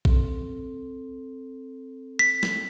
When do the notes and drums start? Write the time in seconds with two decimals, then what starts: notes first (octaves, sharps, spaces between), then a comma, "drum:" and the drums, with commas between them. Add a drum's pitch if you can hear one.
0.05 C4 A4, drum: kick A#1
2.19 B6
2.43 drum: snare